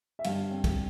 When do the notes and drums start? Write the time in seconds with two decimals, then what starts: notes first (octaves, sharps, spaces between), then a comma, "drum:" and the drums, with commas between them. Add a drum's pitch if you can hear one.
0.19 E5
0.24 G2 F5, drum: cymbal
0.51 C4
0.64 drum: kick, cymbal